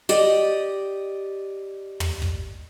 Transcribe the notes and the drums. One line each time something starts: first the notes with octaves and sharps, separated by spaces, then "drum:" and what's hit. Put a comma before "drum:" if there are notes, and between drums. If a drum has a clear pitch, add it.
G4 D5 D#5, drum: hi-hat
drum: tom
drum: kick